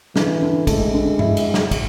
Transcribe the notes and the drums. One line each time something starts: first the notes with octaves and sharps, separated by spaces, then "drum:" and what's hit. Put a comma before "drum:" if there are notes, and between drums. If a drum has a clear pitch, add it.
D3 E3, drum: snare
D3
G#3 A3, drum: kick, cymbal
D3
E4, drum: tom G2
drum: cymbal
drum: snare
drum: kick, cymbal